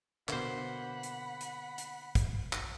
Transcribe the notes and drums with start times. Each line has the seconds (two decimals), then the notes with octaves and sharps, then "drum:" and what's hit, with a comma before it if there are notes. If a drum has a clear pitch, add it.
0.29 B2 D3 A#3 C5 F#5 B5, drum: clap
1.03 drum: hi-hat
1.41 drum: hi-hat
1.78 drum: hi-hat
2.15 drum: kick, hi-hat
2.53 drum: clap